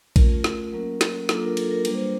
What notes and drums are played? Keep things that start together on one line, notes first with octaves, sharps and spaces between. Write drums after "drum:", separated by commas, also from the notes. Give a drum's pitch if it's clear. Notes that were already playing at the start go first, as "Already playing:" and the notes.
A3 C#4 F4 A#4, drum: kick A#1, cymbal
drum: snare
F#3 A#3 C#4 A#4
drum: snare
F#3 A#3 D4 F4 A4, drum: snare
A#4
A4, drum: cymbal
A#4
G3 A#3 D4 B4, drum: cymbal
C5